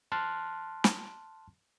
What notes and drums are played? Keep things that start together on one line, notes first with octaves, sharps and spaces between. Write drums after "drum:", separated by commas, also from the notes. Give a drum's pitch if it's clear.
A5 C6 F6 F#6
drum: snare